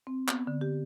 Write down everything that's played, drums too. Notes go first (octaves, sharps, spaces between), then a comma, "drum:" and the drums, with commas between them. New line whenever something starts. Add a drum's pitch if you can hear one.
C4
B3, drum: clap
D3
G4